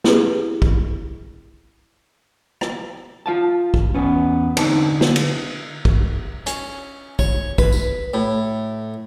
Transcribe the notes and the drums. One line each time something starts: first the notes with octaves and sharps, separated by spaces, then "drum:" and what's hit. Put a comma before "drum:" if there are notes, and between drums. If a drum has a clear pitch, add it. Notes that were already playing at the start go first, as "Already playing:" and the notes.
C4 E4 G4 G#4 B4, drum: snare
drum: kick
drum: rim click
F4 F5 A5
drum: kick
E2 B3 C#4
D3 C4 D#4 C5 A5, drum: cymbal
drum: snare
drum: cymbal
drum: kick
C#4, drum: hi-hat
C#5, drum: kick
B4, drum: kick
drum: tambourine
A2